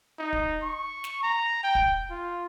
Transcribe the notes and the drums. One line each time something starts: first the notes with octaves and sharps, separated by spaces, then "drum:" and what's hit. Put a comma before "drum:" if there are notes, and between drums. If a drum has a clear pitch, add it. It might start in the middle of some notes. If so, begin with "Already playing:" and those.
D#4
drum: kick
C#6
drum: snare
A#5
G5
drum: kick
F4